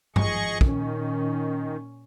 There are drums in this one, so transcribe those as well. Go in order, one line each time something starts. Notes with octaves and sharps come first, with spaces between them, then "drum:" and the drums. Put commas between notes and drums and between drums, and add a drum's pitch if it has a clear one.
G#1 F3 G#4 D#5 C#6, drum: tom G2
A#2 D#3 C#4, drum: kick